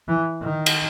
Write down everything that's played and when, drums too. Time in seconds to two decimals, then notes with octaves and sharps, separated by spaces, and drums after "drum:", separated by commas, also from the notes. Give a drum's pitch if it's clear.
0.08 E3
0.42 D#3
0.66 drum: cymbal